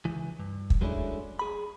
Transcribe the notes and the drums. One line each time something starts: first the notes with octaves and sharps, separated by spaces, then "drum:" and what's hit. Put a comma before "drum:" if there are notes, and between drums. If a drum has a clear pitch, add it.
C#2 E3
G2
drum: kick
F#3 G#3 A3 C#4 D4 E4
G#4 B5